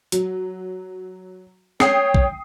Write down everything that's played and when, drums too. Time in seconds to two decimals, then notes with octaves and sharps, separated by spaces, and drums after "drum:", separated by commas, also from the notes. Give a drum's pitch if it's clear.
0.12 F#3, drum: hi-hat
1.80 C#5 G5 D#6 C7, drum: snare
2.14 drum: kick